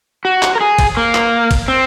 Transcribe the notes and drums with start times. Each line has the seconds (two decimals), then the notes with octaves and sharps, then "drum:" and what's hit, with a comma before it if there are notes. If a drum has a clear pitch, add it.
0.25 F#4
0.42 drum: clap
0.55 A#4
0.61 G#4
0.79 drum: kick, cymbal
0.97 A#3
1.15 drum: clap
1.51 drum: kick, cymbal
1.68 C4